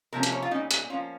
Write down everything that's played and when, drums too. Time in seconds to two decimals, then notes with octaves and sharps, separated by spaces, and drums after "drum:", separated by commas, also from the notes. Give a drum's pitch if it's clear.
0.13 C3 F3 A#3 C#4 A#4
0.23 A#4, drum: hi-hat
0.32 C#5
0.42 F4
0.51 A#2 G3 C#4 D#4
0.71 drum: hi-hat
0.90 F3 A#3 C#4 F4